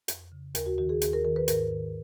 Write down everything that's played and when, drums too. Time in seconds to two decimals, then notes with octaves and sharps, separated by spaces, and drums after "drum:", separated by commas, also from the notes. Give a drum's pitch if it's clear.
0.08 F2, drum: hi-hat
0.32 C#3
0.55 D#2 A#4, drum: hi-hat
0.66 F#4
0.78 D#3 F#4
0.89 G#4
1.02 D#2 G#4, drum: hi-hat
1.13 A#4
1.25 D#3 A#4
1.36 B4
1.48 G#2 A#4, drum: hi-hat
1.71 D#3